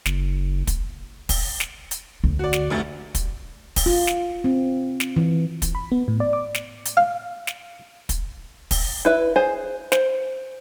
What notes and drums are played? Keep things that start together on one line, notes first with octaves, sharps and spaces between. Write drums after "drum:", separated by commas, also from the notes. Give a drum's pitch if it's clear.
F#1, drum: snare
drum: kick, hi-hat
drum: kick, open hi-hat
drum: snare
drum: hi-hat
D2
F#4 D5
drum: snare
F1 D2 A6
drum: kick, hi-hat
drum: kick, open hi-hat
F4
drum: snare
C4
drum: snare
E3
drum: kick, hi-hat
B5
B3
A2
D5
D6
drum: snare
drum: hi-hat
F5
drum: snare
drum: kick, hi-hat
drum: kick, open hi-hat
E4 B4 E5
G#4 C5 G#5
C5, drum: snare